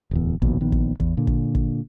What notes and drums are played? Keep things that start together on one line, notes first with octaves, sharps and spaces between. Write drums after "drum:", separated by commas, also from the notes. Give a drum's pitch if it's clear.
D1 E2
A#1 D#2 B2, drum: kick
A#1 D#3 B3
drum: kick
E2, drum: kick
A#2 D3
drum: kick
drum: kick